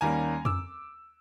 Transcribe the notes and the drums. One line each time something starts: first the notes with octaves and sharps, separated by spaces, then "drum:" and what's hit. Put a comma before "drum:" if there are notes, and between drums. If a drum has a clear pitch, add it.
D#2 D#3 G3 A#3 C#4 G#5 A#5
D6 E6, drum: tom F2